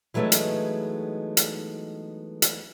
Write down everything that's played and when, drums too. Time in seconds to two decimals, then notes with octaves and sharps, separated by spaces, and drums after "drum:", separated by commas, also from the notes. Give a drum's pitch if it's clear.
0.14 E3 F#3 G#3 A3 B3 D#4
0.32 drum: hi-hat
1.37 drum: hi-hat
2.42 drum: hi-hat